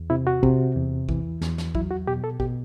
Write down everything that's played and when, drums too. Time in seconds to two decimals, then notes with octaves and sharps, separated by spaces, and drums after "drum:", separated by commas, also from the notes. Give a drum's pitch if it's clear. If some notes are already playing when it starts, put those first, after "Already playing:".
Already playing: E2
0.10 C3 E4
0.27 F#4
0.43 C3, drum: kick A1
0.77 E2
1.09 E3, drum: kick A1
1.42 E2, drum: snare
1.58 drum: snare
1.75 F#3 E4, drum: kick A1
1.91 F#4
2.07 B2 G4
2.24 A4
2.40 B2 G4, drum: kick A1